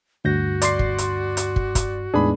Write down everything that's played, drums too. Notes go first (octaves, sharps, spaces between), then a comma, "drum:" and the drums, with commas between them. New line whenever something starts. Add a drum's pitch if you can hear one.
D2 G2 F#4 G6 A#6
D5 C6 C7, drum: hi-hat
drum: kick
drum: hi-hat
drum: hi-hat
drum: kick
drum: kick, hi-hat
E2 A2 G#3 B3 D4 D#4 G#4 B5